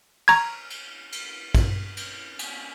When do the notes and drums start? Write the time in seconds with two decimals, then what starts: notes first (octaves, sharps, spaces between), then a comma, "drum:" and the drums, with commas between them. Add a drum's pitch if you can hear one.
0.28 A#5 C#6 G#6, drum: cymbal
0.70 drum: cymbal
1.12 drum: cymbal
1.55 drum: kick, cymbal
1.97 drum: cymbal
2.39 drum: cymbal